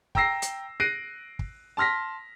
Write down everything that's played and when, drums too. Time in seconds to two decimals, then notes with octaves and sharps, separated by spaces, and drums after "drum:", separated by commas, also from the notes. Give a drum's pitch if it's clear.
0.15 G5 A#5 E6 A#6 C7, drum: kick
0.42 drum: hi-hat
0.80 F#6 A#6 C7 D7 D#7
1.39 drum: kick
1.77 A5 C6 F6 A#6 B6